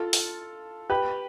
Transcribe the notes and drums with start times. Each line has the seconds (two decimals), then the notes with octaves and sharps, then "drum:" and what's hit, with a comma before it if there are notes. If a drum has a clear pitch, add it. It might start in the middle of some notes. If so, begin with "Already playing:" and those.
Already playing: F4 A4
0.13 drum: open hi-hat
0.90 G4 B4